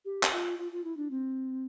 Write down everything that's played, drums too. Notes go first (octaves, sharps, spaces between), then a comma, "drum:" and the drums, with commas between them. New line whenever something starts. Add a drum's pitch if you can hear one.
G4
drum: clap
F4
F4
F4
E4
D4
C4